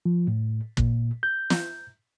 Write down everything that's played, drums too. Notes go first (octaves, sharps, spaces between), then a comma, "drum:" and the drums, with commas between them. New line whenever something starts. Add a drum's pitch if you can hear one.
F3
A2
A#2, drum: kick
G6
drum: snare